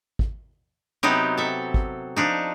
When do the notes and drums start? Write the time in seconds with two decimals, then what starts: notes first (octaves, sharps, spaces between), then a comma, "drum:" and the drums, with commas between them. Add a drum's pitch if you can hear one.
0.19 drum: kick G#1
1.03 C3 F#3 B3 C4 D#4 G4
1.38 A4 E5
1.74 drum: kick G#1
2.16 F3 D4 D#4